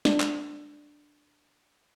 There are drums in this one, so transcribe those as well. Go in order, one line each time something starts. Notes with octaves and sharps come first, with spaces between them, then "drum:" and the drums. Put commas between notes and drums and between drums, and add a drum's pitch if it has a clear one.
D4, drum: snare
drum: clap